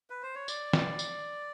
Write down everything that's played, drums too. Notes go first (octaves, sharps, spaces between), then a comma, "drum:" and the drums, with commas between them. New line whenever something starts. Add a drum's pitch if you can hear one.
B4
C5
C#5
D5, drum: tambourine
drum: snare
drum: tambourine